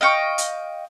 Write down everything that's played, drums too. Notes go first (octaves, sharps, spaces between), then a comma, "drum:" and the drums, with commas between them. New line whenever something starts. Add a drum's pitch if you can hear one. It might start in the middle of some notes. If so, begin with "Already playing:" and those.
D#5 F5 G5 C#6
drum: hi-hat